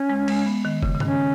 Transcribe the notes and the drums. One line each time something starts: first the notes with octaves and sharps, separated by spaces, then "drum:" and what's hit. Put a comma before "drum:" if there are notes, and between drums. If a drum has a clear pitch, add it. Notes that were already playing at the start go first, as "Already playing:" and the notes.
Already playing: C#4
G#3
G#3, drum: cymbal
B3
D#3
C#3, drum: kick F1
C#3
D#3 C#4, drum: tom G2